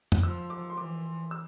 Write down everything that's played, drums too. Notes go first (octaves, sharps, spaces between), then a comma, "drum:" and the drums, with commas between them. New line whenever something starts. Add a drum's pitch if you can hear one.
drum: tom
F3 E6
D6
C6
E3 D6
E6